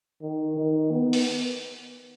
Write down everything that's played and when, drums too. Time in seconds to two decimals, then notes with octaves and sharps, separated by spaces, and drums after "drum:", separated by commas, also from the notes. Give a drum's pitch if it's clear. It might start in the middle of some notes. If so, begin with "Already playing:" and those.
0.22 D#3
0.57 D#3
0.91 B3
1.13 drum: open hi-hat